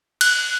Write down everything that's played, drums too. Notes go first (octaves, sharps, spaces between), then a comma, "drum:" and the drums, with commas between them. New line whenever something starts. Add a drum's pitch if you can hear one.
F#6, drum: cymbal